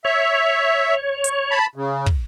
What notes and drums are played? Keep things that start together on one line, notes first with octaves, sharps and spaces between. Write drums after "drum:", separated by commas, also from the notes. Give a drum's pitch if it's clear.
C#5 E5
drum: hi-hat
A5 B5
C#3
drum: kick